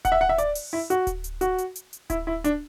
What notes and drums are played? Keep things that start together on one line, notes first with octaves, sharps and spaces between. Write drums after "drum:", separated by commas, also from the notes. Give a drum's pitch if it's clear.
F#5, drum: kick D1, hi-hat
E5
F#5
E5
D5, drum: hi-hat
drum: open hi-hat
E4
F#4, drum: hi-hat
drum: kick D1, hi-hat
drum: hi-hat
F#4, drum: hi-hat
drum: hi-hat
drum: hi-hat
drum: hi-hat
E4, drum: kick D1, hi-hat
E4
D4, drum: hi-hat